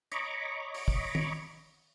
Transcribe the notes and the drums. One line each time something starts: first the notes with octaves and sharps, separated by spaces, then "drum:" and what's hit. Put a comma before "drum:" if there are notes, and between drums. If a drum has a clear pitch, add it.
C#5 D#5 A#5 B5 C#6 D6, drum: hi-hat
drum: open hi-hat
drum: kick
drum: tom